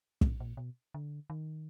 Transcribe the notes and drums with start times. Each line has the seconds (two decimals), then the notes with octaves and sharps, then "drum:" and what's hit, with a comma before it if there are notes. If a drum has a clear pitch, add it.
0.21 A2, drum: kick
0.40 A#2
0.57 B2
0.94 D3
1.30 D#3